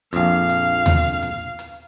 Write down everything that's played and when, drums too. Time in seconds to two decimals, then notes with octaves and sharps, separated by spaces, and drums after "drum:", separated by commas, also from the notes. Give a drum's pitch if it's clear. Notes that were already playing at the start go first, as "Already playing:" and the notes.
0.13 A#1 F2 F5, drum: hi-hat
0.49 drum: hi-hat
0.86 drum: tom D#2
1.22 drum: hi-hat
1.59 drum: hi-hat